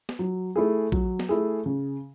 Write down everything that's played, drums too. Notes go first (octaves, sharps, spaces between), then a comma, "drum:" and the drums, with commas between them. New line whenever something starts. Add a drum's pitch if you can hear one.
drum: snare
F#3
A3 E4 G#4
F#3, drum: kick A#1
drum: snare
A3 E4 G#4
C#3